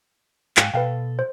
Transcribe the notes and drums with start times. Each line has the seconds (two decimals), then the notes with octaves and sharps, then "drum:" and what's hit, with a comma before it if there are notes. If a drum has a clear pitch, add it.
0.57 G#2 F5 G5 G#5 F#6, drum: clap
0.74 B2 A4 B4 F5 G5
1.19 C5